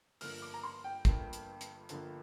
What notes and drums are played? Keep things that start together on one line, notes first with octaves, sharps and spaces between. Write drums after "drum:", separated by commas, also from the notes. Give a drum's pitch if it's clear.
G1 G2 D3 F3 A#3 F6, drum: open hi-hat
D6
A#5
C6
G5
G1 G2 D3 F3 A#3, drum: kick, hi-hat
drum: hi-hat
drum: hi-hat
G1 G2 D3 F3 A#3, drum: hi-hat